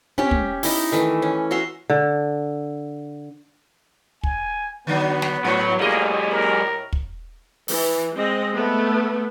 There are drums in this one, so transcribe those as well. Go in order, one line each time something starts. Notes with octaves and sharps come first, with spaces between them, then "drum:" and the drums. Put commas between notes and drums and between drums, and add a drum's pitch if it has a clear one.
C#4 G4, drum: tom
drum: kick
D#4 E4, drum: open hi-hat
D#3 E3 A3
C#4
F#4 E5 A#5 C6
D3
G#5, drum: kick
D3 F#3 B3
drum: snare
G#2 F#3 C#5
A2 G3 A#3 G#4 D#5
A#4
drum: kick
E3, drum: open hi-hat
G#3 C4 D#5
A3 B3